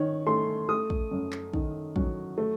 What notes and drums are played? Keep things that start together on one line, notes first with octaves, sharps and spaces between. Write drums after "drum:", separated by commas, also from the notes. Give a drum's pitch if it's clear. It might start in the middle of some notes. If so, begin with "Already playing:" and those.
Already playing: D#3 C#5
A3 C6
A3 D#6
drum: kick
F#2
drum: clap
D#3, drum: kick
F#3, drum: kick
A3